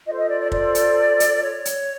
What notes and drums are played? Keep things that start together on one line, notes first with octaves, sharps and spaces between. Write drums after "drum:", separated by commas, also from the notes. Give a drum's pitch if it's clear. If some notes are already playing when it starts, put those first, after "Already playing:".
F4 A4 C5 D#5
D#5
D5
D5
D5, drum: kick
drum: hi-hat
drum: hi-hat
C#5
drum: hi-hat